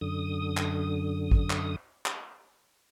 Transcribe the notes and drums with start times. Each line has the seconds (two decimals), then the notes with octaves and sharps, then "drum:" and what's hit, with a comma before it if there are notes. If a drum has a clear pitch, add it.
0.01 F#2 D3 D#6
0.57 drum: clap
1.31 drum: kick G#1
1.50 drum: clap
2.06 drum: clap